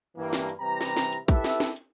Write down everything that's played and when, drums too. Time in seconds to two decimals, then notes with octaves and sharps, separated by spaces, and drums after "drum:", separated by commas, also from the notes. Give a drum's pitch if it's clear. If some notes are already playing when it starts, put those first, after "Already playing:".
0.17 G2 E3 A#3
0.33 drum: snare
0.49 drum: hi-hat
0.59 C3 E3 G3 G4 B4 A#5
0.81 drum: snare
0.97 drum: snare
1.12 drum: hi-hat
1.28 E4 G4 A4 B4 E5, drum: kick, hi-hat
1.44 drum: snare
1.60 drum: snare
1.76 drum: hi-hat